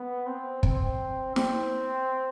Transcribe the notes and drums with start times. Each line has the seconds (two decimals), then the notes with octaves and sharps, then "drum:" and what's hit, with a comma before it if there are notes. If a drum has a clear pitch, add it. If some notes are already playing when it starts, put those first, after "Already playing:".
Already playing: B3
0.27 C4
0.63 C4, drum: kick
1.36 C4, drum: snare